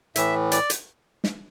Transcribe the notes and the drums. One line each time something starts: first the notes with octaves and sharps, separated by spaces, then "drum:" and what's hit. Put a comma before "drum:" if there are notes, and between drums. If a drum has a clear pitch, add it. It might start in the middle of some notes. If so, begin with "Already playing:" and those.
A2 E3 E5, drum: hi-hat
D5, drum: hi-hat
drum: hi-hat
drum: snare